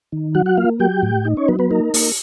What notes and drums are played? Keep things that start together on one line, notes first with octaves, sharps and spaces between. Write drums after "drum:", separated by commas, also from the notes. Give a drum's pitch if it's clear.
D#3
F#3 F#4 F#5
F#4 F#5
A#3 F4 F5
F#3 G4 G5
A2
D#4
C#4 C#5
F#3 B3 B4
B3 B4
A#3 D#4 A#4
A#3, drum: open hi-hat